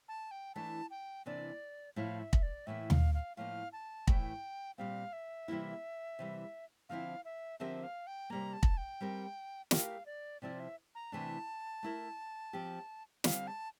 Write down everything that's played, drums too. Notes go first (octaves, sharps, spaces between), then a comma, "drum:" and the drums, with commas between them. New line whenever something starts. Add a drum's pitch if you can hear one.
A5
G5
E3 A3 D4 A5
G5
C3 E3 A#3 D4 D5
A2 F3 A3 E4 F5
E5
drum: kick
D5
A2 E3 G3 A#3 E5
F5, drum: tom D#2
F5
A2 F3 A#3 F5
A5
A2 E3 A3 G5, drum: kick
A#2 G3 C4 F5
E5
C3 E3 G3 A#3 E4
C3 E3 G3
D3 F3 C4 E4 F5
E5
D3 F3 C4 G4 A#4 E5
F5
G5
C3 G3 A#3 A#5
A5
drum: kick
G5
G3 C4 G4 A#4
A3 E4 G4 A#4 F5, drum: snare
D5
C3 F3 C4 E4 D5
E5
A#5
C3 E3 A3 D4 A5
A3 E4 A#4
F3 C4 G4
D3 G3 C4 F5, drum: snare
A5